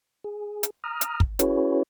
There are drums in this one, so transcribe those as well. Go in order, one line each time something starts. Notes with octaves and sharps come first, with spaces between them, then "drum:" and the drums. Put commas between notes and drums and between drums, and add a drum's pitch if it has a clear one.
G#4
drum: hi-hat
A#5 D#6 F6
drum: hi-hat
drum: kick
C#4 E4 F#4 G#4 B4 C#5, drum: hi-hat